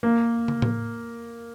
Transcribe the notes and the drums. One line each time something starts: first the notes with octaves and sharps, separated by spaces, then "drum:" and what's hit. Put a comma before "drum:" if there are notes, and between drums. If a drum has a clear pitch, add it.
A#3
drum: tom
drum: tom A2